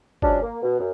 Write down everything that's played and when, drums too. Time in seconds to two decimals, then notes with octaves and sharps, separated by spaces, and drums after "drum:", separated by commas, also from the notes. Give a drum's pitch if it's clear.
0.22 F3 F#3 G#3 C#4 D4, drum: kick G1
0.42 A#3
0.63 B2
0.79 F#2